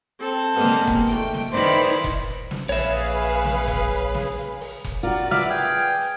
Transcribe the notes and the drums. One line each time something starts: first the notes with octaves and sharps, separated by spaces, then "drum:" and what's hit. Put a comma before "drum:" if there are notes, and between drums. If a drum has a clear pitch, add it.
C4 A4
G#2 G3 G#3 A#3 B3
drum: snare
drum: kick F1, hi-hat
A#2 D#3 A3 G5, drum: hi-hat
drum: snare
D#3 E4 B4 C5 D5 B5
drum: open hi-hat
drum: kick F1
drum: hi-hat
drum: snare
A#1 G#4 B4 C#5 E5 F5
drum: hi-hat
drum: hi-hat
drum: snare
drum: kick F1, hi-hat
drum: hi-hat
drum: snare
drum: hi-hat
drum: open hi-hat
drum: kick F1, hi-hat
F4 F#4 A#4 D5
B4 D5 E5 F5 D6 F6, drum: snare
G#4 G5
drum: hi-hat
drum: hi-hat